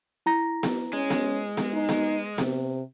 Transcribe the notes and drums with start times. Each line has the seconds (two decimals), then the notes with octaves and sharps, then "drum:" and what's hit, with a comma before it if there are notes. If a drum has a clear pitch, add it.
0.26 E4 A#5 A#6
0.63 drum: snare B3
0.93 G#3 C#4
1.10 drum: snare B3
1.57 drum: snare B3
1.73 D#4
1.89 drum: snare B3
2.38 C3, drum: snare B3